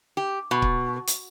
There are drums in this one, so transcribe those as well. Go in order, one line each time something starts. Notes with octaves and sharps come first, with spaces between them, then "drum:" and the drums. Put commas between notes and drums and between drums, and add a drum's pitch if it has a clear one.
G4
B2
drum: kick C#1
drum: hi-hat